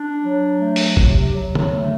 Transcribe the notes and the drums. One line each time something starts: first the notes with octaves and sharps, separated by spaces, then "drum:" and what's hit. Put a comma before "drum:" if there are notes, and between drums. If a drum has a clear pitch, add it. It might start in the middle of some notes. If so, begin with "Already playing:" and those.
Already playing: D4
F#3
A3
drum: open hi-hat
C3, drum: kick G#1
F#3
drum: tom
A3